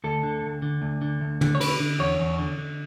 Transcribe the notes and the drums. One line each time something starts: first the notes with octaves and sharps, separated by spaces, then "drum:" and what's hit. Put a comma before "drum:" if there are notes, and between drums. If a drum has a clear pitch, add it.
D2 A4
D3
D2
D3
D2
D3
D2
D3, drum: tom
C#5
D3 B4, drum: cymbal
D3
E2 C#5
E2
D3
D3